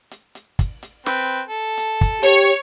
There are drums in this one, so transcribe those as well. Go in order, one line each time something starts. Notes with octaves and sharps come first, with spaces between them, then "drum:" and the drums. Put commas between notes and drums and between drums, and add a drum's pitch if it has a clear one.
drum: hi-hat
drum: hi-hat
drum: kick, hi-hat
drum: hi-hat
C4 B4, drum: snare
A4
drum: hi-hat
drum: kick, hi-hat
G4 C#5